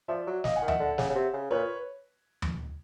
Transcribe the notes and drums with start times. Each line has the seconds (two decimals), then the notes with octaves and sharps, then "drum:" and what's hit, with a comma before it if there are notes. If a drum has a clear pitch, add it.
0.08 F3 D5 E5
0.27 F#3
0.44 D#5 F5, drum: snare
0.56 F#5 G#5
0.62 D#3
0.68 E5 F#5, drum: tom D#2
0.79 D3
0.98 C#3, drum: snare
1.10 C#3
1.15 C3
1.33 C#3
1.51 A#2 B4 C#5
2.42 drum: tom D#2